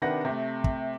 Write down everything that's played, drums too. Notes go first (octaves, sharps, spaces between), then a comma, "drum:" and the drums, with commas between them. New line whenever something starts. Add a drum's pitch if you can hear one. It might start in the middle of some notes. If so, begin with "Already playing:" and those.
C3 D#3 D4 B4 F#5 A#6
C3 A3
drum: kick